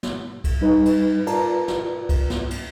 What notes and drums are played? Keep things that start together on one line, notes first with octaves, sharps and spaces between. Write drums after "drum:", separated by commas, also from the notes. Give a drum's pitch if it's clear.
drum: snare
drum: kick C2, cymbal
G3 D#4 B4
drum: cymbal
F4 A#4 B4 D5 A5 A#5, drum: cymbal
drum: snare
drum: kick C2, cymbal
drum: snare
drum: cymbal